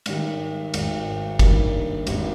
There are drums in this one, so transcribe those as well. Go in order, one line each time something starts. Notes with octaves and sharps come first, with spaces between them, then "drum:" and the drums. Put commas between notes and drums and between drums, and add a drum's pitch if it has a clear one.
G#2 D#3 G3, drum: cymbal
G#1 G#2 D#3, drum: cymbal
G2 D#3 G3 A#3, drum: kick, cymbal
G#1 G#2 D#3 G3 C4, drum: cymbal